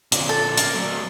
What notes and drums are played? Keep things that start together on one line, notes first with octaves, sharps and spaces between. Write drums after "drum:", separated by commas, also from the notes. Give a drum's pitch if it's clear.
A#2 D3, drum: hi-hat
A4
A#3, drum: hi-hat
F#3 A3